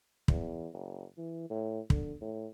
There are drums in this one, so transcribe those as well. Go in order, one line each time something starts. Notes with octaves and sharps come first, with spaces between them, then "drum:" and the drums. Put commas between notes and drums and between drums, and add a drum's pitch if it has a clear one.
E2, drum: kick
F#1
E3
A2
D3, drum: kick
A2